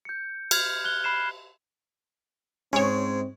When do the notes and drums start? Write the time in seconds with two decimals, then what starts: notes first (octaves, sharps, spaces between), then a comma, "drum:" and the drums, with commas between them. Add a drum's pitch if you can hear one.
0.05 G6 C#7
0.51 F6 G#6, drum: cymbal
0.84 F#6 G7
1.04 B5 C7 E7
2.73 G#2 G#3 C4 C#4 C#5